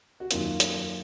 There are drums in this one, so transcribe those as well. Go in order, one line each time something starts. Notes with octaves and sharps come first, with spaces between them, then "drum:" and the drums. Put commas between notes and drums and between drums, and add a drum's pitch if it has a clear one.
F#4
F#2 D#3 A#3 F4, drum: hi-hat
drum: hi-hat